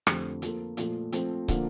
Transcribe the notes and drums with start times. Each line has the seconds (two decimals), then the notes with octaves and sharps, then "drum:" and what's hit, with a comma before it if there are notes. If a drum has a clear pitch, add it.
0.07 F2 D3 A3 C4 G4, drum: rim click
0.42 F3 A#3 F4 A4, drum: hi-hat
0.77 A#2 F3 A3, drum: hi-hat
1.12 F3 A3 C4, drum: hi-hat
1.48 D3 F3 A#3, drum: kick, hi-hat